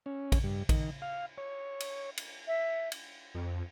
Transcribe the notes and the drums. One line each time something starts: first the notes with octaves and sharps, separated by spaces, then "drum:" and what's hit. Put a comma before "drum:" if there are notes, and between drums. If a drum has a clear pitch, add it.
C#4
drum: kick A1, cymbal
G2
D#3, drum: kick A1, cymbal
F5
C#5
drum: cymbal
drum: cymbal
E5
drum: cymbal
F2